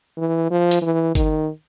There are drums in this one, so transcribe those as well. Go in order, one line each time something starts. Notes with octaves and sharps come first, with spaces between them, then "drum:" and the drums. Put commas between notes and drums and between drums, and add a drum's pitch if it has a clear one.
E3
F3
drum: hi-hat
E3
D#3, drum: kick G1, hi-hat